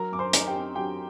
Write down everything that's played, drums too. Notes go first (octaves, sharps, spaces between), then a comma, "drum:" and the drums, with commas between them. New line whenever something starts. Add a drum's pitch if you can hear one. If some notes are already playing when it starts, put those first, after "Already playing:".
Already playing: F#3 A#4 A#5
F#2 D6
C5 C6
D#4, drum: hi-hat
G4 G5
C4
F#3 G4 G5